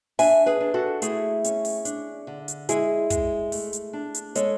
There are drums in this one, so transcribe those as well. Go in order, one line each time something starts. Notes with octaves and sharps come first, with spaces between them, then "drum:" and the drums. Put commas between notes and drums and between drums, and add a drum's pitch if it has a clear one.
D4 E5 G#5, drum: open hi-hat
G#4 B4
D4
F#4 A4
A3 E4 G#4, drum: hi-hat
C#4, drum: hi-hat
drum: open hi-hat
D4, drum: hi-hat
D3
drum: hi-hat
G#3 E4 G#4, drum: hi-hat
G#3, drum: kick, hi-hat
A3, drum: open hi-hat
drum: hi-hat
D4
drum: hi-hat
G#3 A4 C#5, drum: hi-hat